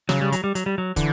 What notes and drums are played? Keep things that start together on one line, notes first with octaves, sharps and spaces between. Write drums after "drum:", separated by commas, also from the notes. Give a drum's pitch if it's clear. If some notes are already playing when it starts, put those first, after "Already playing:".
C#3 F#3, drum: snare
G3
F#3, drum: hi-hat
G3
F#3, drum: hi-hat
G3
F#3
D3 E3, drum: kick, hi-hat